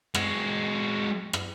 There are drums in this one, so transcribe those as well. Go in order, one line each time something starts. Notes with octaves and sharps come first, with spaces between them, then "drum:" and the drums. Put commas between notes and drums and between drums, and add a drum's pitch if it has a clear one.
G#3 F#4, drum: rim click
drum: rim click